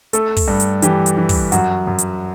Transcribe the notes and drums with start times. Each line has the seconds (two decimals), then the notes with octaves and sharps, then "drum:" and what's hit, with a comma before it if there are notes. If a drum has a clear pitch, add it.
0.13 A3 A4, drum: hi-hat
0.37 drum: kick, open hi-hat
0.48 G2
0.60 drum: hi-hat
0.82 E3 G4, drum: hi-hat
1.06 drum: hi-hat
1.17 E3
1.29 drum: kick, open hi-hat
1.52 F#2 F#4, drum: hi-hat
1.87 F#2
1.98 drum: hi-hat